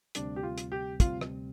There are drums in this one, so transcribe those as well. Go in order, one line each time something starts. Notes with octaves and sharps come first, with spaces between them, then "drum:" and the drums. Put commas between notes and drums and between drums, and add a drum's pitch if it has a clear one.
D2 C3 G3 C4 D4, drum: hi-hat
G4
F4
drum: hi-hat
G4
D2 C3 G3 C4 F4, drum: kick, hi-hat
drum: rim click